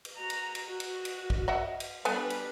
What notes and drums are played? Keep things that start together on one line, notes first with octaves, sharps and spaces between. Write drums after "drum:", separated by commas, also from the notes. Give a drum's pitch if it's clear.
drum: cymbal
F#4 A#5
drum: cymbal
drum: cymbal
F#4
drum: cymbal
drum: cymbal
drum: kick
D#5 E5 F#5
drum: cymbal
G3 B3 D4 A4 B4 G#5, drum: cymbal
drum: cymbal